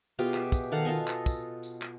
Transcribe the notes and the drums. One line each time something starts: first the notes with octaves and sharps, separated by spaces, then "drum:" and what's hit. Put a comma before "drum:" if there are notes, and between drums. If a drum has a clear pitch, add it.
B2 F4 G4 G#4
E5, drum: clap
drum: kick, tambourine
D#3 A4 F5 F#5
F4 A4 D#5 G#5
drum: clap
drum: kick, tambourine
drum: tambourine
drum: clap